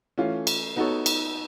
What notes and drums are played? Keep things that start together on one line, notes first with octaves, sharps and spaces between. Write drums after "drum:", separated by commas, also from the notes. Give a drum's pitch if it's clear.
E3 A3 C#4 F4
drum: cymbal
B3 D#4 F#4 A4 C#5
drum: cymbal